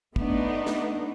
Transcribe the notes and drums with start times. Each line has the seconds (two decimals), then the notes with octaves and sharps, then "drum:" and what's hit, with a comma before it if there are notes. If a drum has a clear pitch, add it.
0.16 A3 B3 D4 D#4, drum: kick
0.66 drum: snare